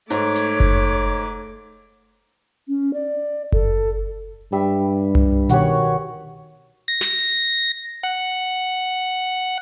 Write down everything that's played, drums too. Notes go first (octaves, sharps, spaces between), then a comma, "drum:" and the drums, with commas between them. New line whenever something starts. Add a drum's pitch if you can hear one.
G#2 A3 C#5 D6, drum: hi-hat
drum: hi-hat
drum: kick F#1
C#4
D5
A4, drum: kick F#1
G2 G3 E5
drum: tom C2
B2 D#3 F#4 G4 C#5 F#5, drum: hi-hat
A#6
drum: snare
F#5